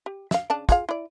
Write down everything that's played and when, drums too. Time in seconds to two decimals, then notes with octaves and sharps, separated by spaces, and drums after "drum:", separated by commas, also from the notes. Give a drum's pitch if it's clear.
0.06 G4
0.31 E5 F5, drum: snare
0.50 C#3 D4 A5
0.69 F4 G#4 F5, drum: kick, hi-hat
0.89 E4 D5